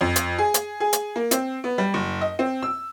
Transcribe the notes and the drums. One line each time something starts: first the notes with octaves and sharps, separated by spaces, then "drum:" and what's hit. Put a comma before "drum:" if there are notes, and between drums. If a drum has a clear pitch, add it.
F2
drum: hi-hat
G#4
drum: hi-hat
G#4
drum: hi-hat
A#3
C4, drum: hi-hat
B3
G3
F#1
D#5
C4
E6